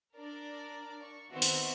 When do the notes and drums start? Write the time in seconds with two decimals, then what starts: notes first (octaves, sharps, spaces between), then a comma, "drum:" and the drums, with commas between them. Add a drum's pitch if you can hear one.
0.15 D4 A#4 D5
1.02 C#6
1.31 D#3 B3 C4 F#4 E5
1.42 drum: open hi-hat